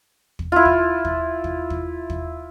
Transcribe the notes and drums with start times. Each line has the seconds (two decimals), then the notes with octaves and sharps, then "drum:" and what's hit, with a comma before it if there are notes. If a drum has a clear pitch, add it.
0.39 drum: kick
0.52 E4 F4
0.65 drum: kick
1.05 drum: kick
1.44 drum: kick
1.70 drum: kick
2.10 drum: kick